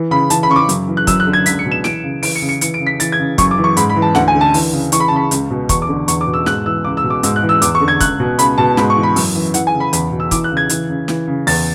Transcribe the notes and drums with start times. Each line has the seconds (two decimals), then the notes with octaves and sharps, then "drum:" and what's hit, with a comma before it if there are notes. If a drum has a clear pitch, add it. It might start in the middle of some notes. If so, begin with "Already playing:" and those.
Already playing: E3
0.11 C#3 B5
0.30 E3 A5, drum: hi-hat
0.43 B5
0.49 C#3 C#6
0.56 D6
0.69 F#2, drum: hi-hat
0.88 E3
0.97 F#6
1.07 F#2 E6, drum: kick, hi-hat
1.20 F#6
1.27 D3
1.33 G#6
1.46 C#2 B6, drum: hi-hat
1.59 C#7
1.66 B2
1.72 E7
1.84 E3 D7, drum: snare
2.04 C#3
2.23 E3 D7, drum: open hi-hat
2.36 C#7
2.42 C#3
2.49 C#7
2.61 E3 C#7, drum: hi-hat
2.74 D7
2.80 C#3
2.87 B6
3.00 E3 A6, drum: hi-hat
3.12 G#6
3.19 C#3
3.38 F#2 C#6, drum: kick, hi-hat
3.51 D6
3.58 E3
3.64 C#6
3.77 G#2 B5, drum: hi-hat
3.90 B5
3.96 E3
4.02 A5
4.15 D2 F#5, drum: snare
4.28 G#5
4.35 D3
4.41 A5
4.54 E3, drum: open hi-hat
4.73 C#3
4.92 E3 C#6, drum: hi-hat
5.00 B5
5.08 A5
5.11 C#3 B5
5.31 C#2, drum: hi-hat
5.50 B2
5.69 E2 C#6, drum: kick, hi-hat
5.82 D6
5.89 D3
6.08 E2 C#6, drum: hi-hat
6.21 D6
6.27 B2
6.34 E6
6.46 G#2 F#6, drum: snare
6.66 E3 E6
6.85 C#2 D6
6.97 E6
7.04 B2
7.10 D6
7.23 G#2 E6, drum: hi-hat
7.36 F#6
7.43 E3
7.49 E6
7.62 E2 D6, drum: hi-hat
7.75 C#6
7.81 D3
7.88 G#6
8.00 C#2 F#6, drum: kick, hi-hat
8.20 B2
8.39 C#2 B5, drum: hi-hat
8.58 B2 A5
8.77 G#2 B5, drum: snare
8.90 C#6
8.96 E3
9.03 B5
9.16 F#2, drum: open hi-hat
9.35 E3
9.54 E3 F#5, drum: hi-hat
9.67 G#5
9.74 C#3
9.80 B5
9.93 E2 B5, drum: hi-hat
10.12 B2
10.20 E6
10.31 E3 D6, drum: kick, hi-hat
10.44 F#6
10.51 C#3
10.57 G#6
10.69 E3, drum: hi-hat
10.90 C#3
11.08 E3, drum: snare
11.27 C#3
11.47 E2 A6, drum: open hi-hat